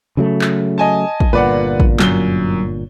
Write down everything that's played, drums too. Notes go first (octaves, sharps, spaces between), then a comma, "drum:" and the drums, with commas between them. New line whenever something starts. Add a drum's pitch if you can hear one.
C#3 F#3 A3
drum: clap
D#5 G#5 A5
drum: kick A1
G1 A#2 B4 D5 F#5
drum: kick A1
F#2 G7, drum: clap